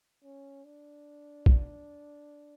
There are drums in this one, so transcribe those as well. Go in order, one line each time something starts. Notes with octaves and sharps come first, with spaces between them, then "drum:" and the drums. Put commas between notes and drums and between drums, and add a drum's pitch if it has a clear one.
C#4
D4
drum: kick